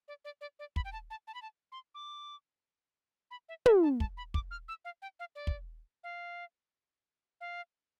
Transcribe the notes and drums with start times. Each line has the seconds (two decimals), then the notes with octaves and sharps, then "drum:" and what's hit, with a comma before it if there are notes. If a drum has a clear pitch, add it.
0.08 D5
0.25 D5
0.41 D5
0.59 D5
0.76 B5, drum: kick
0.85 G5
0.93 A5
1.10 A5
1.27 A5
1.34 B5
1.42 A5
1.72 C6
1.95 D6
3.31 B5
3.49 E5
3.66 E5, drum: tom
3.83 A5
4.00 A5, drum: kick
4.17 B5
4.34 D6, drum: kick
4.51 F6
4.68 E6
4.85 F5
5.02 G5
5.20 F5
5.35 D5
5.47 drum: kick
6.04 F5
7.41 F5